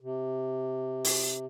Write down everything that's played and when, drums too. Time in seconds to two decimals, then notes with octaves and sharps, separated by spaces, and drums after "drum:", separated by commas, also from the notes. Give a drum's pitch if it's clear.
0.01 C3
1.05 drum: open hi-hat